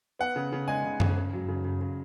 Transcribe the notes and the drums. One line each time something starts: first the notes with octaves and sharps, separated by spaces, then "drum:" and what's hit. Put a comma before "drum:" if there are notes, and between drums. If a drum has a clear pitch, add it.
B3 F#5
C#3
C#3
G#3 G#5
C#3
C#3, drum: tom F#2
C#3
F#3
C#3
C#3
C#3